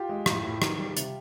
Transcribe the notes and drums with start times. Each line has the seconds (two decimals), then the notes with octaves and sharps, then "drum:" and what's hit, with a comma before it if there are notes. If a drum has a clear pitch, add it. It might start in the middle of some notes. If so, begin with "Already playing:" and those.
Already playing: F4 G4
0.09 G#3
0.26 A2, drum: rim click
0.43 A2
0.62 D#3, drum: rim click
0.78 G3
0.97 C3, drum: hi-hat